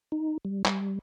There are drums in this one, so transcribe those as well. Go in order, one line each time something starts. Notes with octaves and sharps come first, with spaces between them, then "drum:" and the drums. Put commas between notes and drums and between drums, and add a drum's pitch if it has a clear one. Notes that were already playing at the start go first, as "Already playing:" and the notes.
D#4
G3
G3, drum: clap